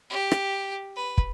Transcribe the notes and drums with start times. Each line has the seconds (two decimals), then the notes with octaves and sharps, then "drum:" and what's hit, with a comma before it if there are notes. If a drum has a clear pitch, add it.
0.10 G4
0.32 drum: rim click
0.96 B4
1.18 drum: kick